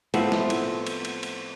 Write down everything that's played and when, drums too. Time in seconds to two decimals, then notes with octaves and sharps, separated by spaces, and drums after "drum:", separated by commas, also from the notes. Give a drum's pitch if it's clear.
0.14 A2 F3 B3 C4, drum: cymbal
0.32 drum: snare
0.50 drum: cymbal
0.87 drum: cymbal
1.05 drum: cymbal
1.23 drum: cymbal